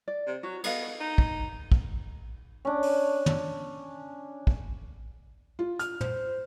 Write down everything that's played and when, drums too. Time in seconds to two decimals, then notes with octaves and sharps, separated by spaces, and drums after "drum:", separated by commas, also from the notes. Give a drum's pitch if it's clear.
0.08 D5
0.27 C3
0.43 F#3 F#4
0.64 B3 A4 D#5 F5, drum: cymbal
1.00 D#4
1.18 drum: kick
1.72 drum: kick
2.65 C#4 D4
2.82 drum: open hi-hat
3.26 drum: tom
4.47 drum: kick
5.59 F4
5.79 F6, drum: hi-hat
6.01 C5, drum: tom